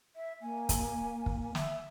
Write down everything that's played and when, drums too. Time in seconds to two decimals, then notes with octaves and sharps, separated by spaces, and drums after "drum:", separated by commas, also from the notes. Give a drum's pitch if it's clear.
0.16 E5
0.42 A#3 G#5
0.69 drum: kick, hi-hat
1.26 drum: kick
1.55 E5, drum: snare